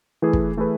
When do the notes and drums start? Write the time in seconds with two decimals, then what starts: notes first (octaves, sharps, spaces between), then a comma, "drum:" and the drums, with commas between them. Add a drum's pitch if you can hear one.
0.22 E3 A3 E4 G#4 B4
0.33 drum: kick
0.57 E3 A3 E4 G#4 B4